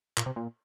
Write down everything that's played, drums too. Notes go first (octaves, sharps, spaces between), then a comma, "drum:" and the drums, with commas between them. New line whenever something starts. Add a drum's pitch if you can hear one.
A#2, drum: clap
C3
A#2